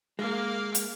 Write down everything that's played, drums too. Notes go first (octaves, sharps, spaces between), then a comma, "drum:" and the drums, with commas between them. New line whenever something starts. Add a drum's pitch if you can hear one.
G#3 A#3 F5
drum: hi-hat